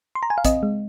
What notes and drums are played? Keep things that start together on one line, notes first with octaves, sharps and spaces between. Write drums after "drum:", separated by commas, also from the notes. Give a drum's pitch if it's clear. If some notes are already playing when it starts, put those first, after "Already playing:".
C6
A#5
G#5
F5
C4 D#5, drum: kick, hi-hat
G#3